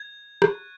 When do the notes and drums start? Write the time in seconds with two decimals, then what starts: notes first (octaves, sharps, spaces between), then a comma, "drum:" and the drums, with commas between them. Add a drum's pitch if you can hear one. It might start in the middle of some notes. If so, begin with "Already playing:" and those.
Already playing: G#6
0.42 C#6 F#6, drum: rim click